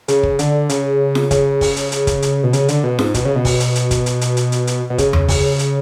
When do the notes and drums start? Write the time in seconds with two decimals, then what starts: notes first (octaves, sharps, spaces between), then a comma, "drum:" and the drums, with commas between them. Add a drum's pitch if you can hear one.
0.08 C#3, drum: hi-hat
0.23 drum: kick
0.39 D3, drum: hi-hat
0.69 C#3, drum: hi-hat
1.15 drum: snare
1.31 C#3, drum: kick, hi-hat
1.61 drum: kick, open hi-hat
1.76 drum: hi-hat
1.92 drum: hi-hat
2.07 drum: kick, hi-hat
2.22 drum: hi-hat
2.43 B2
2.53 C#3, drum: hi-hat
2.68 D3, drum: hi-hat
2.84 B2
2.99 G#2, drum: snare
3.14 B2, drum: kick, hi-hat
3.25 C#3
3.35 B2
3.45 drum: kick, open hi-hat
3.60 drum: hi-hat
3.75 drum: hi-hat
3.91 drum: kick, hi-hat
4.06 drum: hi-hat
4.21 drum: hi-hat
4.37 drum: hi-hat
4.52 drum: hi-hat
4.67 drum: hi-hat
4.90 B2
4.98 C#3, drum: kick, hi-hat
5.13 drum: tom E2
5.28 drum: kick, open hi-hat
5.59 drum: hi-hat